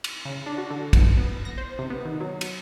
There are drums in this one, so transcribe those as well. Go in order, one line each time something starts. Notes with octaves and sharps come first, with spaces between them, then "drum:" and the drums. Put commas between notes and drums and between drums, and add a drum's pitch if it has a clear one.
drum: cymbal
C#3
D4
F#4
D3
B2, drum: kick, cymbal
B3
A#6
C5
C3
B3
D#3
F#3
drum: cymbal